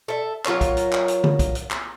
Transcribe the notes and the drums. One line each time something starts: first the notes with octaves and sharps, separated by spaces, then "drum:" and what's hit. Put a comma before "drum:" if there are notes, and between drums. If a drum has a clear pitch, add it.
A4 E5
F#3 F4 A#4 C#5, drum: clap
drum: kick B1, hi-hat
drum: hi-hat
drum: clap
drum: hi-hat
drum: tom
drum: kick B1, hi-hat
drum: hi-hat
drum: clap